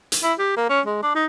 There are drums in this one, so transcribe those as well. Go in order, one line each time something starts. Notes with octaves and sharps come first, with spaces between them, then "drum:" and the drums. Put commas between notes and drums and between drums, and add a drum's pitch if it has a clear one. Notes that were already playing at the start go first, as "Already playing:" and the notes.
drum: hi-hat
E4
G4
A#3
C#4
G#3
D4
D#4